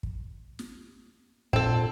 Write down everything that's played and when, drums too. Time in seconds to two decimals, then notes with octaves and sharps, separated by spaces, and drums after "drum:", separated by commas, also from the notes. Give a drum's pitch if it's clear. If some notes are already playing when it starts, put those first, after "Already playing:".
0.03 drum: kick
0.59 drum: snare
1.53 A#2 C4 A4, drum: kick